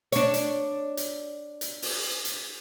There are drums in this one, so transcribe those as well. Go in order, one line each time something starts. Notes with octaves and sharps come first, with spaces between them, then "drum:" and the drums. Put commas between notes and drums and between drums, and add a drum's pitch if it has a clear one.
D4 C#5, drum: hi-hat
drum: hi-hat
drum: hi-hat
drum: hi-hat
drum: open hi-hat
drum: hi-hat